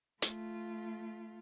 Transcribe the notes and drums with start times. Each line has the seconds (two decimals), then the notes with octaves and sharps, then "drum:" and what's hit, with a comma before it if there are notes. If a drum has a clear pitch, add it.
0.22 A3 F4, drum: hi-hat